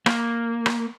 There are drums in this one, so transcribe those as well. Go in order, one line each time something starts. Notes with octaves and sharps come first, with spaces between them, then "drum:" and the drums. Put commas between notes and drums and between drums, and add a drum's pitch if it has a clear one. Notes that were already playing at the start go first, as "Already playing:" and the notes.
A#3, drum: rim click
drum: rim click